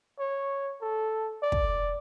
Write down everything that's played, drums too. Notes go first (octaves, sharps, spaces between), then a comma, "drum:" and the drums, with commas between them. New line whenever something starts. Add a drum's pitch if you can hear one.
C#5
A4
D5
drum: kick